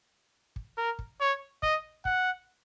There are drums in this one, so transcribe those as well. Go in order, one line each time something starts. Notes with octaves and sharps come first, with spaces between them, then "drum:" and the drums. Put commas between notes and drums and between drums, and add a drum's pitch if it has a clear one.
drum: kick
A#4
drum: kick
C#5
D#5, drum: kick
F#5, drum: kick